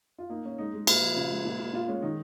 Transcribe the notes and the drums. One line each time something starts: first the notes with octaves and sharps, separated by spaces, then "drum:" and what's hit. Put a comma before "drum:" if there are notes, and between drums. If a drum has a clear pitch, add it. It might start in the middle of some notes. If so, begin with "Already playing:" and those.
F4
A#3 D#4
A#3 C#4
G#3 D#4
G#3
A#2, drum: cymbal
F3
C#3 F4
G#3
A#2
A#2
A#2 F4
G#3 C#4
D#3 D#4